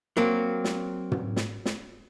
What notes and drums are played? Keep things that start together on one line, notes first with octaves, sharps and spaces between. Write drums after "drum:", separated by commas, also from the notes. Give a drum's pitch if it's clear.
F#3 A#3 C4
drum: snare
drum: tom
drum: snare
drum: snare